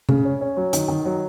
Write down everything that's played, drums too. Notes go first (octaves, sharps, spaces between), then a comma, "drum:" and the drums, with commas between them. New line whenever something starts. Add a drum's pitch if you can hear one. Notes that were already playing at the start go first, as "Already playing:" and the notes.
C#3, drum: tom C3
C#4
C#4
F#3
D#3, drum: hi-hat
D#3
F#3